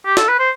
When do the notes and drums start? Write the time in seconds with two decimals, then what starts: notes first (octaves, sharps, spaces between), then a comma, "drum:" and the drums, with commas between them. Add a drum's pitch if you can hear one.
0.06 G4
0.17 A4, drum: snare
0.28 B4
0.39 C5